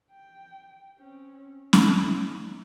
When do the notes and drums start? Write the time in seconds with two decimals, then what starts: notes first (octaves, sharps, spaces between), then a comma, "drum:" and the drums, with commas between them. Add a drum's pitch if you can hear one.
0.11 G5
0.99 C4 C#4
1.73 E4, drum: snare C#4
2.19 D#4